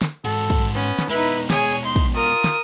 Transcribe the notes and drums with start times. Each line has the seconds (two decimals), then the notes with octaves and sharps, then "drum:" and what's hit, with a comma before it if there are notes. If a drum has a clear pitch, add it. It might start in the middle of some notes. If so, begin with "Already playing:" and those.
0.02 drum: snare
0.25 G#2 F#4 A4, drum: cymbal
0.50 drum: kick, cymbal
0.74 B3 C#4, drum: cymbal
0.99 drum: snare
1.09 B2 G#3 D#4 E4 B4
1.23 drum: cymbal
1.50 G#4 C#5 G#5, drum: snare
1.71 drum: cymbal
1.85 D#4 C6
1.96 drum: kick, cymbal
2.14 F4 A#4 D#6
2.44 drum: snare